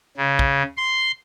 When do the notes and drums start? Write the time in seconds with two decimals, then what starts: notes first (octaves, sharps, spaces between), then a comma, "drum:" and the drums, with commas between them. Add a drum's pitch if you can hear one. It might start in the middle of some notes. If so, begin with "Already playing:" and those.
0.17 C#3
0.39 drum: kick
0.77 C6